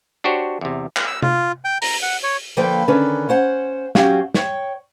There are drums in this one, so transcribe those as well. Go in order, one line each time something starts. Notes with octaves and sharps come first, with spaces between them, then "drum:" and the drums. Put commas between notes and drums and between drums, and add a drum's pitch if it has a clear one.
D4 F#4 G4 C5 C#5
E2 C3
drum: clap
E6
F4, drum: tom C3
G5
A#5, drum: open hi-hat
F#5
C#5
D3 F3 A#3 A4 B4 G5
D3 D#3 C#4 B4
C#4 C5 F#5
F#3 C4 C#4 F#4 G4 F5, drum: snare
C#5 G5, drum: snare